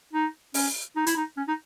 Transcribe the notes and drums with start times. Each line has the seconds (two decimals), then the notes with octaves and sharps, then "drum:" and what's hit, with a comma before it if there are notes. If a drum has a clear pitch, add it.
0.13 D#4
0.54 C#4, drum: open hi-hat
0.96 D#4
1.06 E4, drum: hi-hat
1.17 D#4
1.37 C#4
1.48 D#4